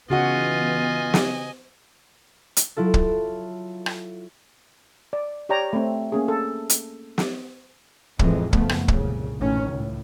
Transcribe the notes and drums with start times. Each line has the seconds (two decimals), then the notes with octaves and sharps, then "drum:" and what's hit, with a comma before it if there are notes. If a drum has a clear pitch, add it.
0.10 C#3 E3 B3 F4 F#4 D#5 F#5 G#5
1.14 drum: snare
2.57 drum: hi-hat
2.77 F#3 E4 F4 A4
2.94 drum: kick
3.86 drum: rim click
5.13 D5
5.49 G4 C#5 D5 G5 A#5
5.73 A3 C4
6.12 A#3 C#4 G#4
6.28 A4
6.70 drum: hi-hat
7.18 drum: snare
8.19 A1 F2 A2 E3 G#3, drum: kick
8.53 F#1 C#3 F3 A3 B3, drum: kick
8.69 drum: rim click
8.88 C2 A#2 C#3, drum: kick
9.39 A1 D#3 C#4
9.71 C#2 A2